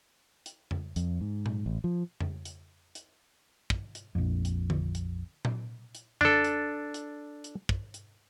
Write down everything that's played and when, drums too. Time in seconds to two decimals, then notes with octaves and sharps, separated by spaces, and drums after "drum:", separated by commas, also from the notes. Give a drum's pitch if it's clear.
0.46 drum: hi-hat
0.71 drum: tom F2
0.96 F2, drum: hi-hat
1.21 G#2
1.46 drum: tom A#2
1.66 A1
1.84 F3
2.20 drum: tom F2
2.45 drum: hi-hat
2.95 drum: hi-hat
3.70 drum: kick
3.95 drum: hi-hat
4.15 A#1 F2
4.45 drum: hi-hat
4.70 drum: tom D3
4.95 drum: hi-hat
5.45 drum: tom A#2
5.95 drum: hi-hat
6.21 D4 A4, drum: tom F2
6.44 drum: hi-hat
6.94 drum: hi-hat
7.44 drum: hi-hat
7.69 drum: kick
7.94 drum: hi-hat